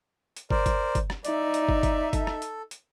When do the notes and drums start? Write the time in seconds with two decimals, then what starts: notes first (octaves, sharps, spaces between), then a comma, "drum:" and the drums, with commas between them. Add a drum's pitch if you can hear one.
0.37 drum: hi-hat
0.51 A#4 C5 D5, drum: kick
0.66 drum: kick, hi-hat
0.95 drum: kick, hi-hat
1.10 drum: rim click
1.25 D#4 D5 E5, drum: hi-hat
1.54 drum: hi-hat
1.69 drum: kick
1.83 drum: kick, hi-hat
2.13 A4, drum: kick, hi-hat
2.27 drum: rim click
2.42 drum: hi-hat
2.71 drum: hi-hat